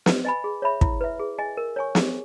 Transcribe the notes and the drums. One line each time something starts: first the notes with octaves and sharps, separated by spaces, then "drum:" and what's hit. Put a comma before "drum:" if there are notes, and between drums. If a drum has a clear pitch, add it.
B4, drum: snare
D#5 G#5 B5
G#4
C#5 E5 B5
E4, drum: kick
B4 E5
G#4
D#5 G#5
A#4
C#5 G#5 C#6
G#4, drum: snare